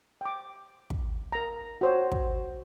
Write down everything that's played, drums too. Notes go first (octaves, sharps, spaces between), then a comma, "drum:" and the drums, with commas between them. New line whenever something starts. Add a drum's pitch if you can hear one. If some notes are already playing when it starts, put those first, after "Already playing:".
G5 D6
drum: kick
A#4 A#5
F#4 C5 C#5
drum: kick